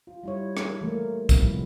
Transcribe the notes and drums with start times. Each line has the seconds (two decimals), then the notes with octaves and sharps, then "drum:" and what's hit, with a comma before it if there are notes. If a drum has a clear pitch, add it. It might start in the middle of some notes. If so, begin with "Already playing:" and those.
0.07 F4
0.24 G3 E4 C#5
0.57 drum: rim click
0.81 E3 A3 A#3 A#4
1.29 F3 G3 G#3 B3 C4 E4, drum: kick, tambourine
1.48 C3